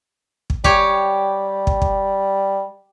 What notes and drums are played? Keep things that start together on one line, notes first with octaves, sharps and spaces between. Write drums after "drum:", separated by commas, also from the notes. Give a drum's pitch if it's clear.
drum: kick
G3 G4 C#5 G#5, drum: kick
drum: kick
drum: kick